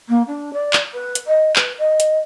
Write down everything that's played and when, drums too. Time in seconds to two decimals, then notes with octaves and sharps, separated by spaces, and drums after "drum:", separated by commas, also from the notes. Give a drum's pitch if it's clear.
0.09 A#3
0.27 D4
0.53 D5
0.73 drum: clap
0.94 B4
1.15 drum: hi-hat
1.27 D#5
1.56 B4, drum: clap
1.79 D#5
2.00 drum: hi-hat